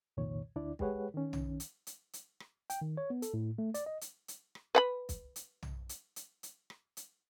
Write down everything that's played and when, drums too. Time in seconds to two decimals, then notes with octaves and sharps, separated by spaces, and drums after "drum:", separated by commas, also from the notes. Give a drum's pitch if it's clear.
0.17 C2 F2 A#2 D#3 C#5
0.56 D2 D4 E4 D5
0.79 G#3 G4 G#4 B4 C#5 F#5, drum: kick
1.14 D#3 C#4
1.33 drum: tom
1.60 drum: hi-hat
1.87 drum: hi-hat
2.13 drum: hi-hat
2.40 drum: rim click
2.70 G5, drum: hi-hat
2.81 D#3
2.97 C#5
3.10 B3
3.22 A4, drum: hi-hat
3.34 A2
3.58 A3
3.74 D5, drum: hi-hat
3.86 D#5
4.01 drum: hi-hat
4.28 drum: hi-hat
4.55 drum: rim click
4.75 B4 F#5 B5
5.09 drum: kick, hi-hat
5.36 drum: hi-hat
5.62 drum: tom
5.89 drum: hi-hat
6.16 drum: hi-hat
6.43 drum: hi-hat
6.70 drum: rim click
6.97 drum: hi-hat